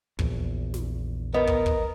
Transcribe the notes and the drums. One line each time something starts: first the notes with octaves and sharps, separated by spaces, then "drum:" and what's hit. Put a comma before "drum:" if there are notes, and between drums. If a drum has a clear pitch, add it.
A#1 E2, drum: kick
drum: snare
B3 A#4 D#5
drum: kick
drum: kick